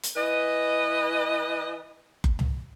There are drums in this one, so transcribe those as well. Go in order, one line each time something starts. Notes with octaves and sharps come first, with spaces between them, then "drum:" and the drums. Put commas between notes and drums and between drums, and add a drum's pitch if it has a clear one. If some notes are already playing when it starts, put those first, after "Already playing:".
drum: hi-hat
E3 B4 D#5
drum: kick F#1
drum: tom C#2